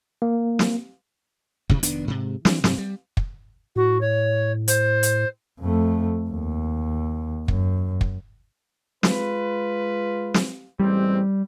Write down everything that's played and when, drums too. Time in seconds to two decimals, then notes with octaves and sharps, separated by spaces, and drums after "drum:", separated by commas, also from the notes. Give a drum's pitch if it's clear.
0.22 A#3
0.59 drum: snare
1.70 A1 D2 C3, drum: kick
1.83 F1 D#3 B3 D4, drum: hi-hat
2.07 G#2 C3
2.45 E3 D4, drum: snare
2.64 G2 C3, drum: snare
2.78 G3
3.17 drum: kick
3.76 A2 F#4
4.01 C#5
4.68 C5, drum: hi-hat
5.03 drum: hi-hat
5.60 F2 A3
6.30 D#2
7.48 F#2, drum: kick
8.01 drum: kick
9.03 G#3 F4 B4, drum: snare
10.34 drum: snare
10.80 A1 G3 G#3 C4